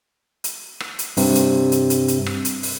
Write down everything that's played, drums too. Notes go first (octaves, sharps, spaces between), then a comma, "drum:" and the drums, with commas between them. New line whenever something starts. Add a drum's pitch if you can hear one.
drum: hi-hat
drum: rim click
drum: hi-hat
G2 C3, drum: open hi-hat
drum: hi-hat
drum: hi-hat
drum: hi-hat
drum: hi-hat
drum: rim click
drum: hi-hat
drum: open hi-hat